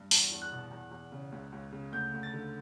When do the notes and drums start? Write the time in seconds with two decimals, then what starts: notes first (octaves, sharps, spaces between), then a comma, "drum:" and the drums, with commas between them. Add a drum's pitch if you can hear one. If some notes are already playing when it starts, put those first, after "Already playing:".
Already playing: G2
0.11 E2 A5, drum: open hi-hat
0.32 E2
0.42 F#6
0.52 B2
0.71 E2
0.91 E2
1.12 C#3
1.32 C#2
1.52 C#2
1.73 C#3
1.92 D2 G6
2.14 D2
2.23 A6
2.33 D3